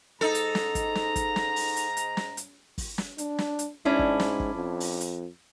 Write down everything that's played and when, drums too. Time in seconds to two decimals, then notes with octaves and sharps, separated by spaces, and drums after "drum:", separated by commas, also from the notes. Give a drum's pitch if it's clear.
0.21 G#2 D#4 A4 A#5
0.35 drum: hi-hat
0.55 drum: snare
0.75 drum: kick, hi-hat
0.95 drum: snare
1.16 drum: kick, hi-hat
1.36 drum: snare
1.56 drum: open hi-hat
1.76 drum: hi-hat
1.97 drum: hi-hat
2.17 drum: snare
2.37 drum: hi-hat
2.78 drum: kick, open hi-hat
2.98 drum: snare
3.18 D4, drum: hi-hat
3.38 drum: snare
3.59 drum: hi-hat
3.85 G#2 C#4 D4 E4
3.99 drum: kick
4.20 drum: snare
4.40 drum: kick
4.54 F2
4.80 drum: open hi-hat
5.01 drum: hi-hat